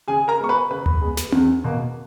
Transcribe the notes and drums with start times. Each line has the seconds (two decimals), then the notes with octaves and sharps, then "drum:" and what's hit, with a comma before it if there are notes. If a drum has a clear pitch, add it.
0.08 C#3 G#4 G#5
0.28 A#4 A#5
0.39 G#3 B3 C#6
0.49 B4 B5
0.70 C#3 B4 B5
0.86 drum: tom D2
1.01 G#3 B3
1.17 drum: snare
1.32 E2, drum: tom C4
1.64 B2 A#3